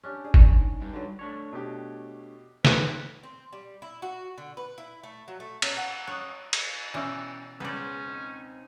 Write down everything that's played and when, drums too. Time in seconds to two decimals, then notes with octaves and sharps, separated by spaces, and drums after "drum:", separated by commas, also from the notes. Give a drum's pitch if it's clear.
0.03 C#4 D4 G4
0.25 G#4 D5
0.34 drum: kick
0.50 D#4
0.82 G2
0.93 D3 F#3
1.19 A3 D4 C#5
1.53 B2 G4
2.65 B3 B4, drum: snare
3.23 C4
3.52 G3
3.82 E4
4.02 F#4
4.38 D3
4.57 B4
4.78 E4
5.03 A3
5.28 F#3
5.40 A3
5.62 C#4, drum: cymbal
5.77 F#5
6.07 C#5 D#6 F#6
6.53 drum: cymbal
6.94 B2 E3 C#4 D5 E5 G5 D6
7.60 C#2 B3 C#4 G#4 B4 C5 D5
8.07 C4 D#4